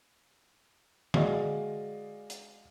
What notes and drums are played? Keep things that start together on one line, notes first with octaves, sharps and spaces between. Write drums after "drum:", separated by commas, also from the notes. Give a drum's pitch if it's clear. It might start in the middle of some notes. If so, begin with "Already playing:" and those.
G#3 F#4 D5 D#5 F5, drum: tom D3
drum: hi-hat